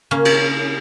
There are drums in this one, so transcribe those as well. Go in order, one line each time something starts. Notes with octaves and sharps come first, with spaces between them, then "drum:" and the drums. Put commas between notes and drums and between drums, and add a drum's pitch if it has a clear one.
C#3 A#3 C#4
drum: cymbal